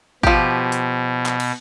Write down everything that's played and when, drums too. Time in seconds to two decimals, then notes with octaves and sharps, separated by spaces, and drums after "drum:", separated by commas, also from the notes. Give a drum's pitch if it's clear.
0.23 B2 F3 G4, drum: kick
0.72 drum: hi-hat
1.26 drum: clap
1.40 drum: cymbal